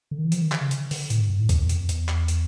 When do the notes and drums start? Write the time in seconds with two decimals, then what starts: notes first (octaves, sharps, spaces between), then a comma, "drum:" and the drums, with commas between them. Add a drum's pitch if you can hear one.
0.11 D3
0.18 D#3
0.24 E3
0.32 F3, drum: hi-hat
0.42 D#3
0.52 D3, drum: clap
0.61 C#3
0.71 drum: hi-hat
0.91 D3, drum: open hi-hat
1.10 A2, drum: hi-hat
1.20 G#2
1.30 G2
1.40 A2
1.49 E2, drum: kick C2, hi-hat
1.69 F2, drum: hi-hat
1.89 E2, drum: hi-hat
2.09 drum: clap
2.28 drum: hi-hat